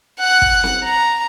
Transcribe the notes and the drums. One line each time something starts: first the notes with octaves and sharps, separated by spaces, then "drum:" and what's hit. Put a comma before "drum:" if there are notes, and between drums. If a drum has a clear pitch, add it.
F#5 F#6
drum: kick
drum: snare C4
A#5